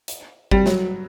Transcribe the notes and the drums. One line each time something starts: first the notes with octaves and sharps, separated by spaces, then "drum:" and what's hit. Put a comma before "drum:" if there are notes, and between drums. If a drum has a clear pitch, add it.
drum: hi-hat
G3, drum: kick G#1
F#3, drum: snare